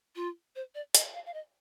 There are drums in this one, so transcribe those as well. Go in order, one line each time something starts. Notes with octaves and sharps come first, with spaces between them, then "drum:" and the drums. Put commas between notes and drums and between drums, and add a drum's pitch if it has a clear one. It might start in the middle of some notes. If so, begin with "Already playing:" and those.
F4
C5
D5
D#5, drum: hi-hat
F5
F5
D#5